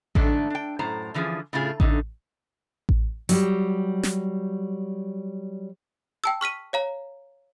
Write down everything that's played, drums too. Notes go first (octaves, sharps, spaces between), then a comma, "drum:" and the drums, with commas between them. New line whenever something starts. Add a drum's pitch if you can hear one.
G#2 D3 E3 A3 D4, drum: kick A1
D4 G5
F#2 A2 C5 A#5
D3 E3 F3 C#4 G#4
A2 C#3 A3 F4 G#4
F#2 D3 D#4, drum: kick A1
drum: kick A1
F#3 G3, drum: open hi-hat
drum: snare
G5 A5 E6
C#6 F6 B6 D#7
C#5 F5 A#5